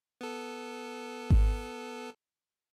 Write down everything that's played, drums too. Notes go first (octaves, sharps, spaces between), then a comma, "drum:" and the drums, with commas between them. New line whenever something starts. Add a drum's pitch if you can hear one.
B3 A4
drum: kick G#1